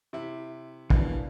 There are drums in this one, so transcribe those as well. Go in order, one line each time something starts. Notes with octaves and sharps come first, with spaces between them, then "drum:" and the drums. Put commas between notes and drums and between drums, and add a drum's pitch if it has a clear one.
C3 E4
B2 E3 A#3 D4, drum: kick